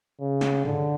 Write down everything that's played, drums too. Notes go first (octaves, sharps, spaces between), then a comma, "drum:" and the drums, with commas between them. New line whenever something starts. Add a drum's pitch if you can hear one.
C#3
drum: snare
D3, drum: tom